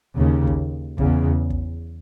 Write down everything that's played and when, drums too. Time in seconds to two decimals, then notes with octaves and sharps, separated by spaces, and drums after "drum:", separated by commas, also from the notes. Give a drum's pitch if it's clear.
0.16 D#2 C#3
0.47 drum: kick
0.98 E2 C#3, drum: kick
1.50 drum: kick